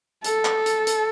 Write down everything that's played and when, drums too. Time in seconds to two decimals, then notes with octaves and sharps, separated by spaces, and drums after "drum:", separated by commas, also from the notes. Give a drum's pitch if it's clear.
0.24 A4, drum: hi-hat
0.45 drum: clap
0.66 drum: hi-hat
0.87 drum: hi-hat